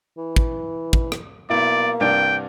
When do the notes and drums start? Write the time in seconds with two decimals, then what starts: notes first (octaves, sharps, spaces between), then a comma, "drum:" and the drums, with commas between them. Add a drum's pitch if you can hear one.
0.18 E3
0.36 drum: kick
0.93 drum: kick
1.12 drum: rim click
1.50 B1 A#3 E4 D5
2.00 C2 G2 D4 G5